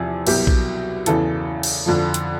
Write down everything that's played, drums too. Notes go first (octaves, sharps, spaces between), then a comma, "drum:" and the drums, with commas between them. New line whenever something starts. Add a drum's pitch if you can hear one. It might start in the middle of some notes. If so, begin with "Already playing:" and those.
Already playing: E2 C3 F3 G#4
C2 B2 F#3 G4, drum: cymbal
drum: kick A#1
E2 C#3 E3 A4, drum: hi-hat
drum: cymbal
F2 D3 F3
drum: hi-hat